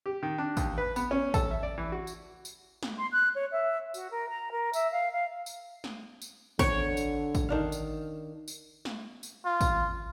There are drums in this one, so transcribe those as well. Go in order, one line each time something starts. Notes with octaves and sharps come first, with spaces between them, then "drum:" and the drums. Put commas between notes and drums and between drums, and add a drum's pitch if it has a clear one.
G4
D#3
D4
D#2, drum: kick, tambourine
B4
B3, drum: tambourine
C#4
A4, drum: kick, tambourine
E5
D5
E3
F#4
drum: tambourine
drum: tambourine
drum: snare
C6
F#6
C#5
E5
F#4, drum: tambourine
A#4
A#5
A#4
E5, drum: tambourine
F5
F5
drum: tambourine
drum: snare
drum: tambourine
D3 C#5, drum: kick, tambourine
drum: tambourine
drum: kick, tambourine
D#3 D4 F5
drum: tambourine
drum: tambourine
drum: snare
drum: tambourine
F4
drum: kick, tambourine